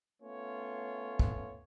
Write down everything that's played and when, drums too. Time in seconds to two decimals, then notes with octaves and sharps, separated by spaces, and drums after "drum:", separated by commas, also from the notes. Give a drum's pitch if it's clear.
0.23 A3 B3 C#4 F4 C#5
1.19 drum: kick